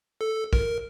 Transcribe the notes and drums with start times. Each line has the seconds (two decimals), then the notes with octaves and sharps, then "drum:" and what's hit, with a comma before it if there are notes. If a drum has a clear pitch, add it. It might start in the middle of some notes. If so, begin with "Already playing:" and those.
0.21 A4
0.53 A#4, drum: kick